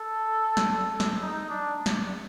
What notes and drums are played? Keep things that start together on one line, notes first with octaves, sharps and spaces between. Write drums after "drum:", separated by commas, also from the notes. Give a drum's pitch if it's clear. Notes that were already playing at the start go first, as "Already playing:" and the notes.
Already playing: A4
drum: snare
drum: snare
D#4
D4
drum: snare